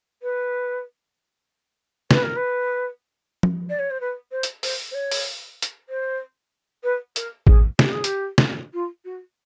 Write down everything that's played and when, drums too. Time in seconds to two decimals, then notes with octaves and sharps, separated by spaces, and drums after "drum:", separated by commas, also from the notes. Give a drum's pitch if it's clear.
0.22 B4
2.11 B4, drum: snare
2.23 A#4
2.36 B4
3.43 drum: tom F3
3.69 D5
3.79 C#5
3.90 C5
4.00 B4
4.31 C5
4.43 drum: hi-hat
4.63 C5, drum: open hi-hat
4.91 C5
4.94 C#5
5.11 drum: open hi-hat
5.62 drum: hi-hat
5.89 C5
6.83 B4
7.16 A#4, drum: hi-hat
7.47 G#4, drum: kick A1
7.79 G4, drum: snare
7.91 G#4
8.04 G4, drum: hi-hat
8.38 drum: snare
8.73 F4
9.05 F#4